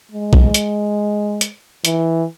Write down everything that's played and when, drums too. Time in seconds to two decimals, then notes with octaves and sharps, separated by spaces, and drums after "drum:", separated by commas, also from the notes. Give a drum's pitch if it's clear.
0.12 G#3
0.33 drum: kick
0.54 drum: hi-hat
1.41 drum: hi-hat
1.85 E3, drum: hi-hat